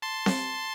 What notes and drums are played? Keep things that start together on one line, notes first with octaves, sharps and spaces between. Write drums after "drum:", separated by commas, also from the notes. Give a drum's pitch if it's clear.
A5 C6
drum: snare C4